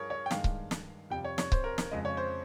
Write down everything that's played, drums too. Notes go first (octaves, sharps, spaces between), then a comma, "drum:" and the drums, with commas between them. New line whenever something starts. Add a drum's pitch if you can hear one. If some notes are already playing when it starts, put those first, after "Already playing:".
Already playing: G2 F3 G#4 A#4 C#5
C#5
G5
G2 D#3 G#3 F5, drum: snare
drum: kick C#1
drum: snare
F2 C3 G3 G5
C#5
C#5, drum: snare
C5, drum: kick C#1
A#4
drum: snare
F2 C#3 G#3 D#5
C#5
C5